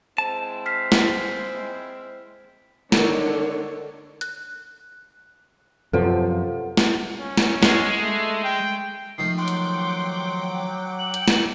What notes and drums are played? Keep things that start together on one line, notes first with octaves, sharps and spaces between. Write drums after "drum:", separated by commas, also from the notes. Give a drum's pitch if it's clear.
G#3 C4 E4 A5
F6 B6 C7
drum: snare
D3 D#3 D4 C#5, drum: snare
F#6, drum: hi-hat
F#2 C3 F3 F4 A4 B4 F#5
drum: snare
C#4
drum: snare
G#3, drum: snare
A3
G5
D#3 F3 A3 C7
F#3 F#5 G5 C6 D6
drum: hi-hat
F#7
drum: hi-hat
drum: snare